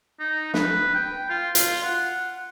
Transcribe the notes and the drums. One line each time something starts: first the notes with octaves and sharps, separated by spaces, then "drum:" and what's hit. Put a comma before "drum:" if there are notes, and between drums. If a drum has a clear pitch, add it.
D#4
B4, drum: snare
G5
F4
F4, drum: hi-hat
F#5